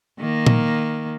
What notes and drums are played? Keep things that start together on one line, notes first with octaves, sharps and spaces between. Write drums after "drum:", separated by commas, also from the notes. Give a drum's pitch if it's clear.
D#3 A#3
drum: tom A#2